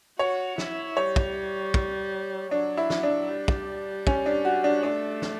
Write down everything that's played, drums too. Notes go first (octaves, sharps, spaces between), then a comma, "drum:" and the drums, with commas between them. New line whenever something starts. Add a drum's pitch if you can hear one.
F#4 C#5
E4, drum: snare
G3 C#5
drum: kick
drum: kick
F#3 D4
E4
drum: snare
D4
G3
drum: kick
C#4, drum: kick
D4
F#4
D4
A3 D4
drum: snare